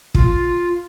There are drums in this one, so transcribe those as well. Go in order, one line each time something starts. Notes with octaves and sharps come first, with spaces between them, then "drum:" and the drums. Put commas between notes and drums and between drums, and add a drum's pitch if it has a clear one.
F4, drum: kick